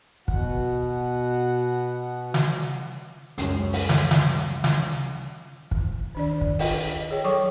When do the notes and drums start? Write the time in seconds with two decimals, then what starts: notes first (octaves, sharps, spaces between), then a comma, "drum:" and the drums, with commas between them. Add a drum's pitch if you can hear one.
0.28 B2 F#5, drum: kick
2.34 drum: snare
3.38 C#2 F#2 C#4, drum: hi-hat
3.73 drum: open hi-hat
3.89 drum: snare
4.11 drum: snare
4.64 drum: snare
5.71 drum: kick
6.15 D#3 D4 D5
6.41 drum: kick
6.59 F4 B4 D#5 G5, drum: open hi-hat
7.11 G#4 C#5 G5
7.24 F#3 A4 C#5 G5 C#6 D6